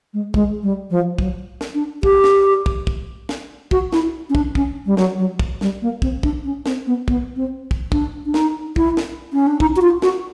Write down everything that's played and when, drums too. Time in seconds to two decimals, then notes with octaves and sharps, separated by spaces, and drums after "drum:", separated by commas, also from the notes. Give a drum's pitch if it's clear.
0.14 G#3
0.34 G#3, drum: kick
0.63 G3
0.90 F3
1.19 F#3, drum: kick
1.61 drum: snare
1.74 D4
2.03 G4, drum: kick
2.24 drum: snare
2.66 drum: kick
2.87 drum: kick
3.29 drum: snare
3.71 F#4, drum: kick
3.92 E4, drum: snare
4.30 C#4
4.35 D4, drum: kick
4.55 C#4, drum: kick
4.86 G3
4.97 F#3, drum: snare
5.18 F#3
5.39 drum: kick
5.61 G3, drum: snare
5.82 A#3
6.02 C4, drum: kick
6.23 D4, drum: kick
6.45 C#4
6.66 C4, drum: snare
6.87 B3
7.08 B3, drum: kick
7.36 C4
7.71 drum: kick
7.92 D4, drum: kick
8.26 D4
8.34 D#4, drum: snare
8.76 E4, drum: kick
8.97 drum: snare
9.33 C#4
9.47 D4
9.60 D#4, drum: kick
9.76 F#4
9.82 F4
10.02 F#4, drum: snare